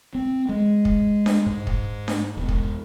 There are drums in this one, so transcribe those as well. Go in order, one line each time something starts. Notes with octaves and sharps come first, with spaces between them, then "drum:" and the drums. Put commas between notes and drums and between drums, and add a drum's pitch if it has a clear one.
C4
G#3
drum: kick
drum: snare D4
G#2
drum: kick
drum: snare D4
E1
drum: kick